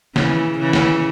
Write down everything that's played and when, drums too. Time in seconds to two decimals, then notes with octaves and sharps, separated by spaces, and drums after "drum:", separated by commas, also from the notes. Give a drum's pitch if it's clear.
0.16 C#3 E3, drum: snare
0.58 C#3 E3
0.73 drum: snare